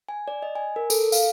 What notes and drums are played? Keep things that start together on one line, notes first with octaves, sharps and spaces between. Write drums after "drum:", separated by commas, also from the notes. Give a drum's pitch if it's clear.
G#5
D5
D#5
G#5
A#4
A4, drum: tambourine
F5, drum: tambourine